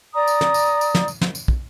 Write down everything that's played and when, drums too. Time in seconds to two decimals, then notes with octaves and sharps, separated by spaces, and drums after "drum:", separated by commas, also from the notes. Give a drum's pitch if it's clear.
0.14 D5 A#5 D#6
0.27 drum: tambourine
0.41 drum: snare
0.54 drum: tambourine
0.81 drum: tambourine
0.95 drum: snare
1.08 drum: tambourine
1.21 drum: snare
1.35 drum: tambourine
1.48 drum: kick